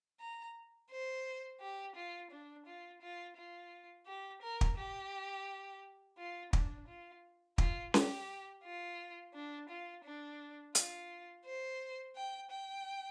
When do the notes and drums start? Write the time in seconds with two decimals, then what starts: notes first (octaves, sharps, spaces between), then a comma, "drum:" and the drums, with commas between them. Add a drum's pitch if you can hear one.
0.20 A#5
0.91 C5
1.60 G4
1.95 F4
2.31 D4
2.66 F4
3.02 F4
3.37 F4
4.06 G4
4.42 A#4
4.61 drum: kick
4.77 G4
6.18 F4
6.53 D4, drum: kick
6.88 F4
7.58 F4, drum: kick
7.94 G4, drum: snare C#4
8.63 F4
9.34 D4
9.69 F4
10.04 D4
10.75 F4, drum: hi-hat
11.45 C5
12.15 G5
12.50 G5